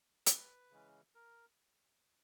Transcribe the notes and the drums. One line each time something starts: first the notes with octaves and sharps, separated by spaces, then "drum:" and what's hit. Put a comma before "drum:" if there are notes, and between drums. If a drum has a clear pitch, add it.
B4, drum: hi-hat
C#3 E3 G#3 C#4
A#4